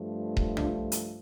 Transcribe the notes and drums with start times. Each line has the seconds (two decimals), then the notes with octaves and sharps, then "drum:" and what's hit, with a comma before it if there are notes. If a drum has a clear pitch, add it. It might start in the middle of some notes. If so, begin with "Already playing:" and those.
Already playing: G2 F3 A3
0.37 drum: kick D#1
0.57 D4 F4, drum: tom B1
0.92 drum: hi-hat